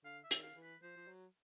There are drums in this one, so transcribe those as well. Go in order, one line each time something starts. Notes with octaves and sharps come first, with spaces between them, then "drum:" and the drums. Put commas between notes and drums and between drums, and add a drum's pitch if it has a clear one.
D3 F5
E5
D#3, drum: hi-hat
F5
E3
B4
F3 C5
F3
F#3